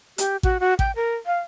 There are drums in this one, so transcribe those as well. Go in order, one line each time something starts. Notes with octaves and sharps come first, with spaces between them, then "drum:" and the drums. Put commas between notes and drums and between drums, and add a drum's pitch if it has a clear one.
G4, drum: hi-hat
F#4, drum: kick A1
F#4
G5, drum: kick A1
A#4
F5